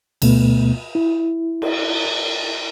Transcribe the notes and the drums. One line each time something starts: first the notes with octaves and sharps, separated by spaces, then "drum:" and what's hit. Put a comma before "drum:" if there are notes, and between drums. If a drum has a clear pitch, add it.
D2 B2 A3 B3, drum: cymbal
E4
drum: cymbal